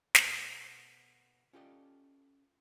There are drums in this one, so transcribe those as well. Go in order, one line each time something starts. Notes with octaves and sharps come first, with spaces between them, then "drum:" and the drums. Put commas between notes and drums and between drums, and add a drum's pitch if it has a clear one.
B2 A3 B3 C5 D#5, drum: snare
C#4 F4 G4 A4 D5 D#5